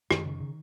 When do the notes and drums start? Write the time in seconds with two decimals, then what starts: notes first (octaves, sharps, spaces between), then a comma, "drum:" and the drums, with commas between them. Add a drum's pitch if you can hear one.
0.11 F#2 D#3, drum: rim click
0.26 C#3
0.40 C#3